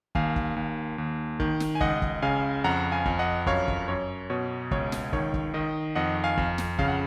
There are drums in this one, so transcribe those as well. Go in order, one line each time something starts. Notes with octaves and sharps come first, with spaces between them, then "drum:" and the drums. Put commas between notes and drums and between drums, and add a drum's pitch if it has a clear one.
D#2 F5 G#5, drum: kick
drum: kick
D#2
D#2
D#3, drum: kick
drum: snare
G#5
C#2 D#5 F#5, drum: kick
drum: kick
C#3 F5 G#5
F2 F#5 A#5
F5 G#5
F2, drum: kick
D#5 F#5
F#2 C#5 F5, drum: kick
drum: kick
F#2 C#5
B2 C#5
C#2 C#5, drum: kick
drum: snare
D#3 C#5, drum: kick
drum: kick
D#3 D#5
F2 D#5 F#5
F5 G#5
F2, drum: kick
drum: snare
C#3 F5, drum: kick
F#5